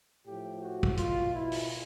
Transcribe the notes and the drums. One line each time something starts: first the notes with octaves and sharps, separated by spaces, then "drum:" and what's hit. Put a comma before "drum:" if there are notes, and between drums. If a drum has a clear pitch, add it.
A2 F3 G4
F#4
drum: kick
B2 F4, drum: hi-hat
E4
drum: open hi-hat